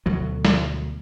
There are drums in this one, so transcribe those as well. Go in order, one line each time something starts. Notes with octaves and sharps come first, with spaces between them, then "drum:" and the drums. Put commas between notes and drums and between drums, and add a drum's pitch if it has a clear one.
D2 B2 F#3
drum: snare